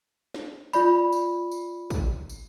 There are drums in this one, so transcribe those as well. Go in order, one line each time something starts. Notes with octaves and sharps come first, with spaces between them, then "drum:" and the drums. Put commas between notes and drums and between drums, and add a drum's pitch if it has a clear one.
drum: snare
F4 D5 B5, drum: tambourine
drum: tambourine
drum: tambourine
drum: kick, tambourine
drum: tambourine